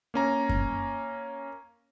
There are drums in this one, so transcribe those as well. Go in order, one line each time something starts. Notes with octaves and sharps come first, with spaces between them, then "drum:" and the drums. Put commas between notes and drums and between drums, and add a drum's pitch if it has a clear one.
A#3 C#4 A#5
drum: kick F#2